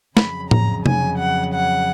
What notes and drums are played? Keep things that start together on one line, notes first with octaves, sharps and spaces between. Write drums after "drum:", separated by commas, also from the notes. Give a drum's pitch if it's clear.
F2 C#3 F#3 B5, drum: snare
A#5, drum: tom A2
G#5, drum: tom C3
F#5
F#5